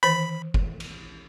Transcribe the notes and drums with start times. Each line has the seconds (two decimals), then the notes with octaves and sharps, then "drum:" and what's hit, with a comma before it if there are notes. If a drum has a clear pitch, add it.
0.03 D#3 E3 B4 B5
0.54 drum: kick F#1
0.80 drum: cymbal